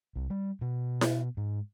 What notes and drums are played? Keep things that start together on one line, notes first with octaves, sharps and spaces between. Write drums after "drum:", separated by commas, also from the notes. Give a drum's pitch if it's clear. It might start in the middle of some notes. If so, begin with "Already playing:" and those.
C2
G3
B2
drum: snare E4
G#2